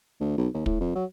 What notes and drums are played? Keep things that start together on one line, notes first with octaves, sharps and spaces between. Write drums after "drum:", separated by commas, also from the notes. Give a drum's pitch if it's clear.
D2
B1
D#2
A2, drum: kick
F2
F#3